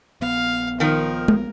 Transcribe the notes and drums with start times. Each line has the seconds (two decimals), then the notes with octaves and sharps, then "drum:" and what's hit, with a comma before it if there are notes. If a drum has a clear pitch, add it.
0.21 A#1 B3 F5
0.80 D#3 F3 A#4
1.28 drum: tom G#3